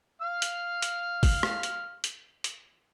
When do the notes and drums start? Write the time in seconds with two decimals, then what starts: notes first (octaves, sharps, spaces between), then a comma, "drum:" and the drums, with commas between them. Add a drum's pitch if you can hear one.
0.22 F5 F6
0.42 drum: hi-hat
0.82 drum: hi-hat
1.23 drum: kick, open hi-hat
1.43 drum: rim click
1.63 drum: hi-hat
2.04 drum: hi-hat
2.44 drum: hi-hat